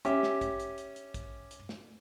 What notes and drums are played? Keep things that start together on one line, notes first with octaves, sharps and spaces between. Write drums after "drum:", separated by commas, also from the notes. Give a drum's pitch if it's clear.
C#4 G4 E5, drum: hi-hat
drum: snare
drum: kick, hi-hat
drum: hi-hat
drum: hi-hat
drum: hi-hat
drum: kick, hi-hat
drum: hi-hat
drum: snare